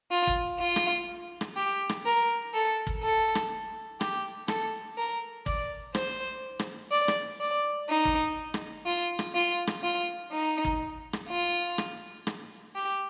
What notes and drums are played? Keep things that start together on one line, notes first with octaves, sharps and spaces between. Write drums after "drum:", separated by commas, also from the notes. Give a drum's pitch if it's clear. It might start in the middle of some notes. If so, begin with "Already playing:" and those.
F4
drum: kick
F4
drum: rim click
drum: rim click
G4
drum: rim click
A#4
A4
drum: kick
A4
drum: rim click
G4, drum: rim click
A4, drum: rim click
A#4
D5, drum: kick
C5, drum: rim click
drum: rim click
D5
drum: rim click
D5
D#4
drum: kick
drum: rim click
F4
drum: rim click
F4
drum: rim click
F4
D#4
drum: kick
drum: rim click
F4
drum: rim click
drum: rim click
G4